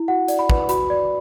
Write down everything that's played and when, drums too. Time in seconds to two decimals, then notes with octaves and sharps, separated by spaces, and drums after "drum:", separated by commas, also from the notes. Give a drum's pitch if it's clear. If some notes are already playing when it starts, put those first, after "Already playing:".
Already playing: E4
0.08 F#4 F#5
0.28 D5, drum: hi-hat
0.39 B5
0.50 B4, drum: kick
0.69 F#4 B5, drum: hi-hat
0.90 D5